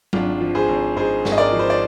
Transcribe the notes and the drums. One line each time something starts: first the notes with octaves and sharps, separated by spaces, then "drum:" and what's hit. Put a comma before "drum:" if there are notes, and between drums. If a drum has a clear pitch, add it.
G#1 D4 F4, drum: tom F#3
F3
G#4 C5
G#1
G#2 G#4 C5
G#1, drum: snare
D#5
A#4 D5
F3
C5
D5